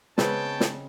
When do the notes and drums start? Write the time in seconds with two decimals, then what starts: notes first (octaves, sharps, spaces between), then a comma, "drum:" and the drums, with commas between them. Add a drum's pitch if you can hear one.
0.18 C#3 G#3 B3 C4 B4 C#5 G5 A5, drum: snare
0.60 drum: snare